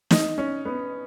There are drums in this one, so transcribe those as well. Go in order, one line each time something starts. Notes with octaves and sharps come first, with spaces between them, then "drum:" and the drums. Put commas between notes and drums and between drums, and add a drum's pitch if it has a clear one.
D#4, drum: snare
C#4
B3